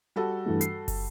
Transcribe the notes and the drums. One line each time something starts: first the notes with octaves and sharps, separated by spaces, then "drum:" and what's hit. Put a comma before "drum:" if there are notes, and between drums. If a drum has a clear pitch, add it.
G3 F#4 A4
G2 E3 A3
C7, drum: hi-hat
drum: kick, open hi-hat